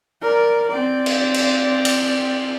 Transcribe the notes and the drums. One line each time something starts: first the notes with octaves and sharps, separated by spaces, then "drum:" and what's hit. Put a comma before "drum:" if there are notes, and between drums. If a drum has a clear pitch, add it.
A#4 D5
C4 D5
drum: cymbal
drum: cymbal
drum: cymbal